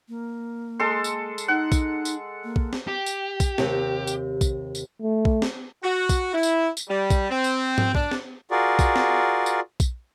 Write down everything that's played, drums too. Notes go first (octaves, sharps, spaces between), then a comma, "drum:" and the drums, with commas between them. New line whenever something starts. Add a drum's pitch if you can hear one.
A#3
G#3 A4 C6
drum: tambourine
drum: tambourine
D#4 F#5
drum: kick, tambourine
drum: tambourine
A#3
drum: kick
drum: snare
G4
drum: tambourine
drum: kick, tambourine
D#2 C3, drum: snare
drum: tambourine
drum: kick, tambourine
drum: tambourine
A3
drum: kick
drum: snare
F#4
drum: kick, tambourine
E4
drum: tambourine
drum: tambourine
G3
drum: kick, tambourine
C4
drum: tambourine
drum: tom G#2
D4, drum: kick
drum: snare
F4 F#4 G#4 A#4 D5
drum: kick, tambourine
drum: snare
drum: tambourine
drum: kick, tambourine